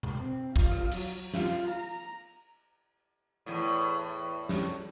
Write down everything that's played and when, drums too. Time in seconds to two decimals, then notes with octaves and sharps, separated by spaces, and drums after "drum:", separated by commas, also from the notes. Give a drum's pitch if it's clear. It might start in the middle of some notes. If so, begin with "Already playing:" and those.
0.03 drum: tom B2
0.19 C4
0.56 F4, drum: kick
0.72 drum: rim click
0.91 F#3, drum: cymbal
1.34 F4, drum: snare
1.68 A#5, drum: tambourine
3.46 E2 A2
4.49 drum: snare